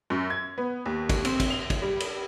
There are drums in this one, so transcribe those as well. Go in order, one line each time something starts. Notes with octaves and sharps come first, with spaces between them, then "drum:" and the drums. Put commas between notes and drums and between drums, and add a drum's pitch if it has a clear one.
F#2
G#6
B3
D#2
drum: kick, cymbal
C4, drum: cymbal
drum: kick, cymbal
F7
drum: kick, cymbal
G3
drum: cymbal